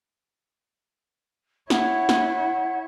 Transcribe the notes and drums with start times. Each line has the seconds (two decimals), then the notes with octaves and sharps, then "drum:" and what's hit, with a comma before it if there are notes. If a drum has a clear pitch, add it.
1.70 E4 C#5 F#5, drum: snare
2.09 drum: snare